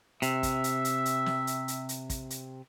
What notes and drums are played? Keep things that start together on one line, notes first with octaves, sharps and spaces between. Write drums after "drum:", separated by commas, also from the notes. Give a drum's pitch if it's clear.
C3 E5, drum: hi-hat
drum: kick, hi-hat
drum: hi-hat
drum: hi-hat
drum: hi-hat
drum: snare
drum: hi-hat
drum: hi-hat
drum: hi-hat
drum: kick, hi-hat
drum: hi-hat